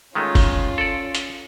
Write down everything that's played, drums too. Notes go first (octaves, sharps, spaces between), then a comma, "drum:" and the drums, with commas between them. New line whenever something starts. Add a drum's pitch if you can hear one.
D#3 G#3 A3 C#4 F4
drum: kick, open hi-hat
A4 D5
drum: hi-hat